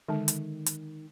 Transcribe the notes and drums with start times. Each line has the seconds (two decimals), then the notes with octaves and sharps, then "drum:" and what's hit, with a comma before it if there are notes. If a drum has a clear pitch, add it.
0.08 D3 D#3 G#3
0.28 drum: hi-hat
0.66 drum: hi-hat